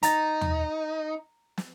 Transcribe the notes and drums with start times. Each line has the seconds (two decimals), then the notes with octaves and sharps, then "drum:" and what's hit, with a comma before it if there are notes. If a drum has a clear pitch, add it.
0.03 D#4 A#5 A6, drum: hi-hat
0.41 drum: tom
1.58 drum: snare